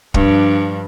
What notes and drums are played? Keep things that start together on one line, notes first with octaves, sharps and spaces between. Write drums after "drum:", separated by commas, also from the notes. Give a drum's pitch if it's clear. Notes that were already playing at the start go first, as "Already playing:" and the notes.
G2 F3 D4, drum: kick